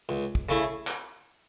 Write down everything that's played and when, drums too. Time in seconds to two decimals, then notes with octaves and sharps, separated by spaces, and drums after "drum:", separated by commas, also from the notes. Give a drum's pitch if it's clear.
0.09 C#2
0.35 drum: kick
0.49 C#3 A3 E4
0.87 drum: clap